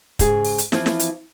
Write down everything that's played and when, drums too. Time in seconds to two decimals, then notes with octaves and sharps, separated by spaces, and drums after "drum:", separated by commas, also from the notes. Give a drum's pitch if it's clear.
0.19 G#2 C#3 G#4, drum: kick, hi-hat
0.45 drum: open hi-hat
0.58 drum: hi-hat
0.72 E3 F3 C4 E4 F4, drum: snare
0.86 drum: snare
0.99 drum: hi-hat